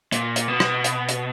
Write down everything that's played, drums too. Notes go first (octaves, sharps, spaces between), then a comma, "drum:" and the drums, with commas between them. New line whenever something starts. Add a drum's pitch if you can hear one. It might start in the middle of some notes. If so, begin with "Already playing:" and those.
A#2, drum: hi-hat
drum: hi-hat
B2
drum: rim click
drum: hi-hat
drum: hi-hat